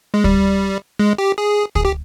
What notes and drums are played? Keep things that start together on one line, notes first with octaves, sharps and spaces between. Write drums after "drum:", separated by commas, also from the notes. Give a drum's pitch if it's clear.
G#3
G3, drum: kick
G#3
G4
G#4
G#4, drum: kick
G4